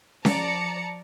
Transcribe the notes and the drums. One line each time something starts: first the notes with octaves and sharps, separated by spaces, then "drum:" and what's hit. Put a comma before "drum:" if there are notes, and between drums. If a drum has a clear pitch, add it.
F3 D5 A5 A#5 C#7, drum: snare C#4